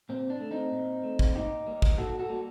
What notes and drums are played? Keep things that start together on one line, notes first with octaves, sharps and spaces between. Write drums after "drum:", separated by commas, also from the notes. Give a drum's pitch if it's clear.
A#2 C4
D4
A3
C4 D#4
A#2
A3
drum: kick
A#2 D#4 G4
G3 A#3
drum: kick
A#2 F#4 A4
F#4 A4
G3 A#3